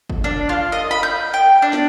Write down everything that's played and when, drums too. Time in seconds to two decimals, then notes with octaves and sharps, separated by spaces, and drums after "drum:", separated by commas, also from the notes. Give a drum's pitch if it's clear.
0.10 drum: kick F#1
0.24 D4
0.49 F4
0.72 D#5
0.91 B5
1.03 G6
1.34 G5
1.62 D4
1.73 drum: snare